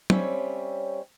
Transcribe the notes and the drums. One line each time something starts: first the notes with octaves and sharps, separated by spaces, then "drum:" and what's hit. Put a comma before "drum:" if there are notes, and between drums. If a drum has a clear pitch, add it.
G3 C4 C#4 C#5 E5, drum: tom